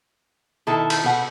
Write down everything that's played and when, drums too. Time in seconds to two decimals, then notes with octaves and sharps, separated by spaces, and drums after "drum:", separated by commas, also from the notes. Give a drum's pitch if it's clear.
0.67 B2 D#3 E4 A4
0.90 drum: cymbal
1.04 B2 F#5